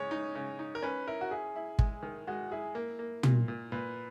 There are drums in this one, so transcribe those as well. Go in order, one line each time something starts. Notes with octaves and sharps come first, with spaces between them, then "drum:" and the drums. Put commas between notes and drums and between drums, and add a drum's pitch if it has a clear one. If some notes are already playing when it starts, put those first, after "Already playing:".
Already playing: C#3 G#3 C#5
D#4
C#3
D#4
A#4
C#4 B4
E4 A#4
F#4
E4 G#4
E4
G#3, drum: kick
D#3
G#3 F#4
E4 G#4
A#3
A#3
A#2, drum: tom
A#2
A#2 B4